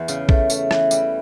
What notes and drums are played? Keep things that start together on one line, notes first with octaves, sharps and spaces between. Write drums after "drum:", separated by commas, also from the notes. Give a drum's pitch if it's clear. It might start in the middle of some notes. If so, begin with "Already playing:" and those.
Already playing: E2 E3
C#3, drum: tambourine
A3, drum: kick A#1
A3, drum: tambourine
E3, drum: rim click
G3, drum: tambourine